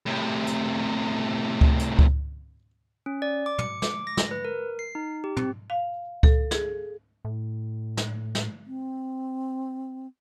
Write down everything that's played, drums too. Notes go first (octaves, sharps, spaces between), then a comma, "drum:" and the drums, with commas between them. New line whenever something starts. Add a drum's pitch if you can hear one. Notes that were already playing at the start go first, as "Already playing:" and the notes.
A2 C3
drum: hi-hat
drum: kick C#2
drum: hi-hat
drum: kick C#2
C#4
D5
D6
C#7, drum: tom
D6, drum: snare
A#6
drum: snare
B4
A#4
C7
D#4
G4
C4, drum: tom
F5
A4, drum: kick C#2
G#4, drum: snare
A2
drum: snare
drum: snare
C4